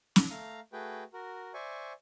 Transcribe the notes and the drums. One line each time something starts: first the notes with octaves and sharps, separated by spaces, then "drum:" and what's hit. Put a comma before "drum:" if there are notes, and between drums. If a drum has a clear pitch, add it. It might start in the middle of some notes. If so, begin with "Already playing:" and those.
D6, drum: snare
A3 F5 A#5
A3 F#4 G#4 B4 G5
F#4 A#4
C5 D5 E5 G#5 C#6